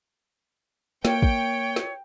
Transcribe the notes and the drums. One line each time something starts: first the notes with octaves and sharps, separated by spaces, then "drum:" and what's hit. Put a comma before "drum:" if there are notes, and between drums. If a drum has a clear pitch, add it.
A#3 C#5 G5, drum: snare
drum: kick
drum: snare